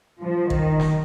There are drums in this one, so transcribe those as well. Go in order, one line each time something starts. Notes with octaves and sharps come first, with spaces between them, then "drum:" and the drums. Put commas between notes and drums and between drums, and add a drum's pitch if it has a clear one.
F3
D#3, drum: kick
drum: snare